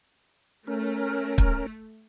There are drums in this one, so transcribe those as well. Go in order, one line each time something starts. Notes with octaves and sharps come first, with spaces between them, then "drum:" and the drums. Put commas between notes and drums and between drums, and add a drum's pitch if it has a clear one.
A3 C#4 A#4
drum: kick